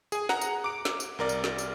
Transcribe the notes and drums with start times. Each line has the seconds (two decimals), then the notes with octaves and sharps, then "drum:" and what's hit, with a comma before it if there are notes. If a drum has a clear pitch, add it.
0.12 G#4 G#5, drum: tambourine
0.29 F#5 A#5, drum: snare
0.41 drum: tambourine
0.64 D6 D7
0.85 drum: snare
1.00 drum: tambourine
1.19 C2 A#4 D5
1.29 drum: tambourine
1.44 drum: snare
1.58 drum: tambourine